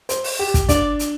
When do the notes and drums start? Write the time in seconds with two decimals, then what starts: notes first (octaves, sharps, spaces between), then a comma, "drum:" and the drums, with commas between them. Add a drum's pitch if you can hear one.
0.09 C5, drum: hi-hat
0.24 drum: open hi-hat
0.39 G4
0.54 drum: kick, hi-hat
0.69 D4 D5, drum: kick, hi-hat
0.99 drum: hi-hat